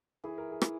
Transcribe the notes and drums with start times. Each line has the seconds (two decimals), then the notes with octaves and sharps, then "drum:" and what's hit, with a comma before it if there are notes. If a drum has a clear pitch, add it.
0.24 E3 G#4
0.38 A#4
0.51 G#4
0.62 E3, drum: rim click